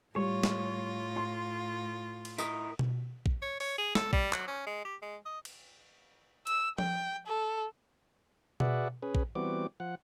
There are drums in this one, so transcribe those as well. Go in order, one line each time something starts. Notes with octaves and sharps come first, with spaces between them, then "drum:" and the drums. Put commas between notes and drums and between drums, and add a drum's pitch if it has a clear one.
A2 G3 F4 C#5
drum: snare
C6
drum: cymbal
E4 A#4 D#5, drum: tambourine
drum: tom B2
drum: kick A#1
C#5
C#5, drum: open hi-hat
G#4
A4, drum: snare
G3, drum: kick A#1
F#3, drum: clap
C#4
G#3
G4
G#3
D#5
drum: cymbal
E6, drum: hi-hat
G5, drum: tom F3
A4
F#4 G#4 B4 D5 E5 F#5, drum: tom B2
C#4 G#4 B4
drum: kick A#1
E3 G3 B3 C4 F#4 D6
F3 F#5